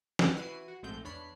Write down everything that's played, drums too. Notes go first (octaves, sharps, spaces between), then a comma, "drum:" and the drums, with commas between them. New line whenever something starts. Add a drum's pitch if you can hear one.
G#3 G4 B4, drum: snare
E3 E4 F#4 B4 C7 D#7
F#4
A#1 G#2 G#3 A3 C4 G6
E2 D4 C#5 B5 C7